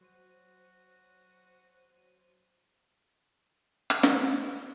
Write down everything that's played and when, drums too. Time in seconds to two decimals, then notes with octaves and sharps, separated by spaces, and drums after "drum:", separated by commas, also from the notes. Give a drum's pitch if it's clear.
0.01 F#3 F#4 C5 D#7
3.90 drum: rim click
4.03 A2, drum: snare
4.29 D#6
4.54 D#3 F#4 G#4